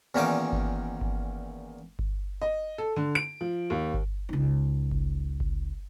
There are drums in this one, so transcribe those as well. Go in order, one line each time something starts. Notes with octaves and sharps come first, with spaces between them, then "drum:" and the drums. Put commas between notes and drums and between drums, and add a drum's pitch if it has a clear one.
E2 A#2 D#3 C#4 D#4 D6
drum: kick G1
drum: kick G1
drum: kick G1
D#5
A4
D3
D7
F3
D#2
drum: kick G1
C#2 D#4
drum: kick G1
drum: kick G1